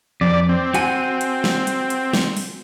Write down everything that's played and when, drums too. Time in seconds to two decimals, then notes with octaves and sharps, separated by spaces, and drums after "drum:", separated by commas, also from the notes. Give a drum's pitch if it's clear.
0.21 F2 D5
0.49 C4
0.74 F#4 F#5 G#5, drum: hi-hat
1.21 drum: hi-hat
1.44 drum: snare
1.67 drum: hi-hat
1.90 drum: hi-hat
2.13 drum: snare
2.37 drum: open hi-hat